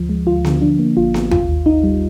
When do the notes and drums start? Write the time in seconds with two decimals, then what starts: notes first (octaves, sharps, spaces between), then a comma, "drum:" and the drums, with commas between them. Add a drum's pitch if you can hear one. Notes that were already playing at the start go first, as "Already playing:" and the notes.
Already playing: D2 F3
0.09 G#3
0.27 D2 F4
0.45 D3, drum: snare B3
0.62 F3 D4
0.79 A#3
0.97 G#1 F4
1.14 G#1, drum: snare B3
1.31 D#2 F4, drum: tom
1.49 D#2
1.66 D#2 D#4
1.84 G3